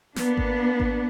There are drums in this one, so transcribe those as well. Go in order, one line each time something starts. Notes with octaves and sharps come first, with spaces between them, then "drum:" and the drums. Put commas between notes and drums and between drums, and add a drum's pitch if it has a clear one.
A#3 B3 D4, drum: snare
drum: kick G#1
drum: kick G#1